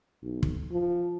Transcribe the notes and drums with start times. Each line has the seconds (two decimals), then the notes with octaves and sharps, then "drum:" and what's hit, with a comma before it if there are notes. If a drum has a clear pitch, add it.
0.23 B1
0.43 drum: kick
0.70 F3